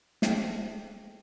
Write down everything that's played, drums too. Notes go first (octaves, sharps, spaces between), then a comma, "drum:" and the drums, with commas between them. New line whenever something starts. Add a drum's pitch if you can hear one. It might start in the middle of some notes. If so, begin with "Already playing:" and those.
G#4 A4 C5 E5 G5 A5, drum: snare